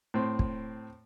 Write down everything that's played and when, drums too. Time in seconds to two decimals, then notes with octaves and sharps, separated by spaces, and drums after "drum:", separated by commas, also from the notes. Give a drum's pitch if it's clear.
0.14 A2 C4
0.39 drum: kick